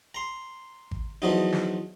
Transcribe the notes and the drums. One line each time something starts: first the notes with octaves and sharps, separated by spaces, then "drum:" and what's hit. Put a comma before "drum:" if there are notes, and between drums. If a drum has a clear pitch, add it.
A#5 C6
drum: kick G#1
E2 F3 F#3 D#4
drum: snare